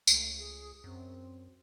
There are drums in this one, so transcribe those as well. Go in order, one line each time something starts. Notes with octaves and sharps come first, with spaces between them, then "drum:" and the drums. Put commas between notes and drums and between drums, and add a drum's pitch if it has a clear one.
C#2 A3, drum: tambourine
G#4
F#2 C4